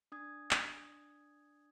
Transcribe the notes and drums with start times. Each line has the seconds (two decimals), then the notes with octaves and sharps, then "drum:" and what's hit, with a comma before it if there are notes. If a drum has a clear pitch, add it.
0.12 D4 D#6 G#6
0.51 drum: clap